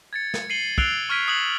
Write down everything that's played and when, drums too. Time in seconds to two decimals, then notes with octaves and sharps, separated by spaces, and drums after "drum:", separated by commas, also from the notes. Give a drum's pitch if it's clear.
0.13 G#6 A6 C#7
0.34 drum: snare
0.50 C7 C#7 D#7 F#7 G7
0.78 E6 F#6 C7 D7 F7 G7, drum: kick
1.09 C#6 F6 G#6 B6 D7 D#7
1.28 D#6 F#6 G#6 C7 F#7